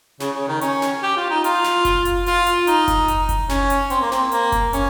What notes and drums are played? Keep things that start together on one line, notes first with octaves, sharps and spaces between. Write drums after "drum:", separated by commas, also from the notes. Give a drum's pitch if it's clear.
C#3, drum: snare
C#3
D#3
C#4, drum: hi-hat
drum: snare
G4
F4
D#4
F4, drum: hi-hat
drum: snare
drum: kick F#1, hi-hat
drum: hi-hat
F4, drum: open hi-hat
drum: hi-hat
D#4, drum: hi-hat
drum: kick F#1, hi-hat
drum: hi-hat
drum: kick F#1, hi-hat
C#4, drum: snare
drum: hi-hat
C4, drum: hi-hat
A#3
C4, drum: snare
A#3, drum: hi-hat
drum: kick F#1, hi-hat
C#4, drum: hi-hat